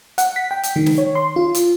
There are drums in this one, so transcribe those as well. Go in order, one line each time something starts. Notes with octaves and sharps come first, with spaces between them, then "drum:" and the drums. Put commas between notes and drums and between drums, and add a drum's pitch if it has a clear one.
F#5, drum: hi-hat
B6
G5
drum: hi-hat
D#3
drum: snare
C#5
C6
F4
drum: hi-hat